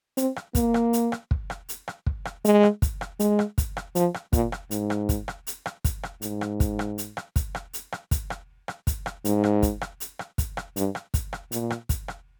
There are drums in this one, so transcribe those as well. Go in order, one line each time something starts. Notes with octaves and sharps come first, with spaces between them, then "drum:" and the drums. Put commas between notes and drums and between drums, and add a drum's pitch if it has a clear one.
C4, drum: hi-hat
drum: rim click
A#3, drum: kick, hi-hat
drum: rim click
drum: hi-hat
drum: rim click
drum: kick
drum: rim click
drum: hi-hat
drum: rim click
drum: kick
drum: rim click
G#3, drum: hi-hat
drum: rim click
drum: kick, hi-hat
drum: rim click
G#3, drum: hi-hat
drum: rim click
drum: kick, hi-hat
drum: rim click
F3, drum: hi-hat
drum: rim click
A#2, drum: kick, hi-hat
drum: rim click
G#2, drum: hi-hat
drum: rim click
drum: kick, hi-hat
drum: rim click
drum: hi-hat
drum: rim click
drum: kick, hi-hat
drum: rim click
G#2, drum: hi-hat
drum: rim click
drum: kick, hi-hat
drum: rim click
drum: hi-hat
drum: rim click
drum: kick, hi-hat
drum: rim click
drum: hi-hat
drum: rim click
drum: kick, hi-hat
drum: rim click
drum: rim click
drum: kick, hi-hat
drum: rim click
G#2, drum: hi-hat
drum: rim click
drum: kick, hi-hat
drum: rim click
drum: hi-hat
drum: rim click
drum: kick, hi-hat
drum: rim click
G2, drum: hi-hat
drum: rim click
drum: kick, hi-hat
drum: rim click
A#2, drum: hi-hat
drum: rim click
drum: kick, hi-hat
drum: rim click